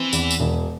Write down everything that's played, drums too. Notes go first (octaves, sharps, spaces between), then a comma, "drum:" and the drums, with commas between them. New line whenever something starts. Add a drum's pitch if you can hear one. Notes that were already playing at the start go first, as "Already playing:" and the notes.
Already playing: E3 C4
E2, drum: tambourine
drum: tambourine
E1